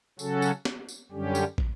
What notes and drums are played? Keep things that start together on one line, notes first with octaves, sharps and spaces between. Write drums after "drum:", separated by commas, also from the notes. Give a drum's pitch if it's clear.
C#3 F#3 C#4 F#4 A4, drum: tambourine
drum: tambourine
drum: snare
drum: tambourine
F#2 D3 G3 C#4 G4
drum: tambourine
drum: kick